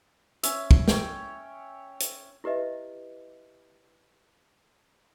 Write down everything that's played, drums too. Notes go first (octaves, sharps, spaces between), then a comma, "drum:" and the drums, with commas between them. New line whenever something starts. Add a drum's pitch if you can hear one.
C#4 E5, drum: hi-hat
drum: kick
C#5 G5, drum: snare
drum: hi-hat
E4 G4 B4 D#5 E5